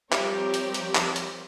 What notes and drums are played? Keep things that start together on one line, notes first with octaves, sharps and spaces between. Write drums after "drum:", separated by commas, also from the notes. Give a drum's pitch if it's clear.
F3 G3 C4 G4 A#4 C#5, drum: clap
drum: hi-hat
drum: hi-hat
drum: clap
drum: hi-hat